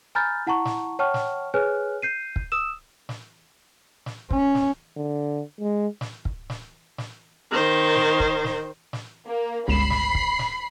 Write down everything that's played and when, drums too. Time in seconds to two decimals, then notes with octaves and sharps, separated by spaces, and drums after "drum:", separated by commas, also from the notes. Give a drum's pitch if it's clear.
0.15 G#5 A#5 B5 F6 G6 A6
0.47 E4 F#5 A5 A#5 C#6
0.65 drum: snare
0.99 C#5 F#5 G5 A5 C#6 F6
1.14 drum: snare
1.54 G#4 B4 C#5 G#5 F6 F#6
2.02 G6 C7 D#7
2.36 drum: kick
2.52 D#6 E6 E7
3.09 drum: snare
4.06 drum: snare
4.31 C#4, drum: kick
4.55 drum: snare
4.97 D3
5.61 G#3
6.01 drum: snare
6.25 drum: kick
6.50 drum: snare
6.98 drum: snare
7.51 D#3 C5
7.96 drum: snare
8.20 drum: kick
8.44 drum: snare
8.93 drum: snare
9.27 A#3
9.68 G1 C#2 B5 C7 E7
9.90 drum: snare
10.15 drum: kick
10.39 drum: snare